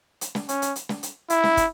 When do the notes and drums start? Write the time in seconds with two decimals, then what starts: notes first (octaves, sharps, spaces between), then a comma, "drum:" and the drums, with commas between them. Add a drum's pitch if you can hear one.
0.21 drum: hi-hat
0.35 drum: snare
0.49 C#4, drum: hi-hat
0.62 drum: hi-hat
0.76 drum: hi-hat
0.89 drum: snare
1.03 drum: hi-hat
1.30 E4, drum: hi-hat
1.44 drum: snare
1.57 drum: kick, hi-hat